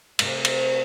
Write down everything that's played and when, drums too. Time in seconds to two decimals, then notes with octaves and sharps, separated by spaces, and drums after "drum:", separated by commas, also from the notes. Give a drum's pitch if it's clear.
0.19 C3 A3, drum: cymbal
0.45 drum: cymbal